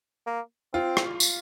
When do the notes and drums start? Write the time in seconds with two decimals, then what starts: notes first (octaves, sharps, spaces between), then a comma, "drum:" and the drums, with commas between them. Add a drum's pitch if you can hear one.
0.26 A#3
0.73 C4 F4
0.97 drum: rim click
1.20 drum: tambourine